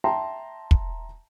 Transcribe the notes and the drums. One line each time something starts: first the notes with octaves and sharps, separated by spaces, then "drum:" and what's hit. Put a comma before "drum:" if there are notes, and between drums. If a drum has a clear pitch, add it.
E5 G5 A5 A#5 C6
drum: kick